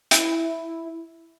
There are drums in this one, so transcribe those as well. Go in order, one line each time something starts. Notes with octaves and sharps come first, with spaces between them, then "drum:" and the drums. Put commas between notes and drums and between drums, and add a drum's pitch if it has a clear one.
E4, drum: hi-hat